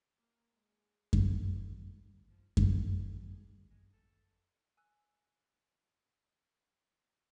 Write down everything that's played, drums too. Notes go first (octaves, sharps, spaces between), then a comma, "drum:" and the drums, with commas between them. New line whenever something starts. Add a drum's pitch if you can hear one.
A#3
G#3
drum: kick F#2
G#2 E4
F3
E4, drum: kick F#2
C#4
G#4
G#3
A4
G#5 E6 F#6